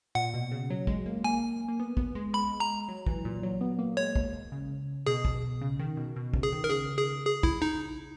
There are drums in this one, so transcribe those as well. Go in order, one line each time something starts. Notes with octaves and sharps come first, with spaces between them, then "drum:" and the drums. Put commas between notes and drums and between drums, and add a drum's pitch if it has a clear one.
A#2 F#5
B2
C#3
F#3
G#3, drum: kick
A#3
A#3 G#5
A#3
B3
B3, drum: kick
G#3
G#3 B5
A#5
F#3
E3, drum: kick
A#2
F#3
B3
A#3
G#3 C#5
drum: kick
C#3
B2 G#4
drum: kick
C#3
D#3
B2
B2
C#3, drum: kick
G#4
D#3
A#4
C#3 G#4
G#4
G#4
E4, drum: kick
D#4